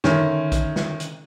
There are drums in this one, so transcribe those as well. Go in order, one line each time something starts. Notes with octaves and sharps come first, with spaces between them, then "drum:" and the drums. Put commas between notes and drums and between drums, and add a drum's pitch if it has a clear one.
D3 D#3 C#4 E4, drum: snare
drum: kick, hi-hat
drum: snare
drum: hi-hat